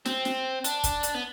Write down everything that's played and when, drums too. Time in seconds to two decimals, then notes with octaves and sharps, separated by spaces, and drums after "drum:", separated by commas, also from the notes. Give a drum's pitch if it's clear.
0.06 C4, drum: snare
0.25 drum: snare
0.64 D4, drum: hi-hat
0.84 drum: kick, hi-hat
1.03 drum: hi-hat
1.14 B3